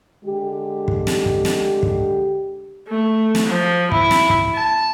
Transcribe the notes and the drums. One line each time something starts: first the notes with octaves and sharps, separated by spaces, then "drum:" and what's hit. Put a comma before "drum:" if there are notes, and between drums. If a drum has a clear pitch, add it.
D3 G#3 G4
drum: kick
drum: snare
drum: kick
drum: snare
drum: kick
A3
drum: snare
F3
E4, drum: kick
drum: snare
drum: kick
A5